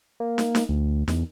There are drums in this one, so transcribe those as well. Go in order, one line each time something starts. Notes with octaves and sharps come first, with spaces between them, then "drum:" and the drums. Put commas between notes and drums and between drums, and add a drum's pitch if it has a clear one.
A#3
drum: snare
drum: snare
D2
E2, drum: snare